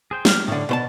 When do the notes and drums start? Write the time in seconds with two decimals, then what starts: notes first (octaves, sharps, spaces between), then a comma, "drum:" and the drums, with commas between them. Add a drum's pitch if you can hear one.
0.11 G#4 C5 G5
0.25 G4 G5 F6, drum: snare
0.48 A2 D3 D5
0.69 B2 C5 A5